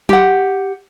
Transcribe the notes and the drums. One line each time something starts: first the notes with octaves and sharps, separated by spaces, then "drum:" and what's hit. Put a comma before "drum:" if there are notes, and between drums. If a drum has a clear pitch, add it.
G4 F#5, drum: tom F#3